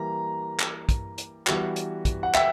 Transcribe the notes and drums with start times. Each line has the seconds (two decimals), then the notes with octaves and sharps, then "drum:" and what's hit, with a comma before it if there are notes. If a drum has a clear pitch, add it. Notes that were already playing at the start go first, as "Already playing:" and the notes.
Already playing: E3 G3 A#3 A#5
0.60 drum: clap
0.89 drum: kick, hi-hat
1.18 drum: hi-hat
1.47 E3 G3 B3 F#4, drum: clap
1.76 drum: hi-hat
2.05 drum: kick, hi-hat
2.23 F#5
2.34 E5 G5, drum: clap